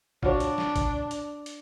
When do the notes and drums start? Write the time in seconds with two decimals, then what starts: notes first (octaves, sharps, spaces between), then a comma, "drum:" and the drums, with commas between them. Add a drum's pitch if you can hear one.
0.23 D4 F4 F#4 C#5, drum: kick
0.40 drum: hi-hat
0.58 drum: snare
0.76 drum: kick, hi-hat
1.11 drum: hi-hat
1.46 drum: hi-hat